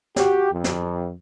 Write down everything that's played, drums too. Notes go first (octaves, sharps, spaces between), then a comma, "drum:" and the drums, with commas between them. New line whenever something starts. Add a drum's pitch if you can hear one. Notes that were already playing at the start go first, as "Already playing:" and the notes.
F#4 G4, drum: snare
F2
drum: snare